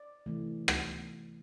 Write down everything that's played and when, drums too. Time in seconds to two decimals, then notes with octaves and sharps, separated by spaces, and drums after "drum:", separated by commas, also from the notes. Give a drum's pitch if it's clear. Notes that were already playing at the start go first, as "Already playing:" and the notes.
Already playing: D5
0.26 C3 E3 A3
0.68 drum: rim click